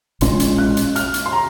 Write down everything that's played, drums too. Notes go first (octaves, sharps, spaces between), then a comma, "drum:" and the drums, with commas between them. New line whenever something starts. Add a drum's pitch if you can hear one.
A#1 A#2 G#3 C#4 C6, drum: hi-hat
drum: hi-hat
F#6
drum: hi-hat
F6, drum: hi-hat
drum: hi-hat
C6
A#5